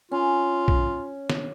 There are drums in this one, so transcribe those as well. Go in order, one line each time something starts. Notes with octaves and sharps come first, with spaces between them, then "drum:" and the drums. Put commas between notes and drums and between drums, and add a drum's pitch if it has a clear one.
C#4 F4
drum: kick B1
drum: snare